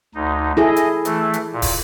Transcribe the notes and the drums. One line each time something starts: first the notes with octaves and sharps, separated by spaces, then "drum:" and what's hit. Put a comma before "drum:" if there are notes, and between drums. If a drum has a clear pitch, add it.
D2 D#4
E4 G#4 A4 D#5
drum: hi-hat
E3 A3, drum: hi-hat
drum: hi-hat
A#2
drum: kick, open hi-hat